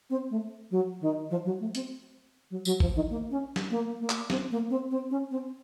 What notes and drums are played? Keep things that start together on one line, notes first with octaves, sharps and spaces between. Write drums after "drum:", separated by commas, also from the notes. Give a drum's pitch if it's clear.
C4
A3
F#3
D#3
F3
F#3
A3
C4, drum: hi-hat
F#3
F#3, drum: tambourine
F3, drum: kick G#1
D#3
A#3
C#4
drum: snare
A#3
A#3
drum: clap
C4, drum: snare
A#3
C4
C4
C#4
C4